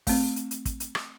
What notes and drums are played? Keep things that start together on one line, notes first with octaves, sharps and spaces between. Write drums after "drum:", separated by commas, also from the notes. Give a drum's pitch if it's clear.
A3 C4, drum: kick, open hi-hat
drum: hi-hat
drum: hi-hat
drum: kick, hi-hat
drum: hi-hat
drum: rim click